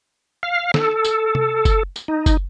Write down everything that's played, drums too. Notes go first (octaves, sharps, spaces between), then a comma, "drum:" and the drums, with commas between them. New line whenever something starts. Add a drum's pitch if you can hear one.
F5
A4, drum: snare
drum: tambourine
drum: tom C3
drum: kick F#1, tambourine
drum: tambourine
D#4
drum: kick F#1, tambourine